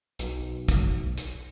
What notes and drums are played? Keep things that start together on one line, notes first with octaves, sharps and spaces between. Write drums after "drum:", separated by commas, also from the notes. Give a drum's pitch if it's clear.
B1, drum: hi-hat
drum: kick, hi-hat
drum: hi-hat